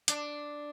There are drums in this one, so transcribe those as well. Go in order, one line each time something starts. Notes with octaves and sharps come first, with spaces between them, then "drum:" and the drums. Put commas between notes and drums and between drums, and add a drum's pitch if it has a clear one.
D4, drum: hi-hat